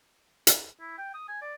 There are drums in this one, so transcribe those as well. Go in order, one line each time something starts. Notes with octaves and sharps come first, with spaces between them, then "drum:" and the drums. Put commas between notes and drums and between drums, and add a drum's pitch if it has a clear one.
drum: hi-hat
E4
G5
D#6
G#5
D5